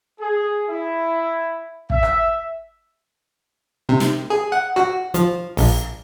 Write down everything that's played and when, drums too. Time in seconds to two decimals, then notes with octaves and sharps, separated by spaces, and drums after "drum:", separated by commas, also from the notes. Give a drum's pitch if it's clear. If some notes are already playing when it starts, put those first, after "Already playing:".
0.20 G#4
0.68 E4
1.90 E5, drum: kick
2.03 drum: rim click
3.89 C3
4.00 drum: snare
4.30 G#4
4.52 F#5
4.76 F#4, drum: rim click
5.14 F3, drum: hi-hat
5.57 A#1, drum: open hi-hat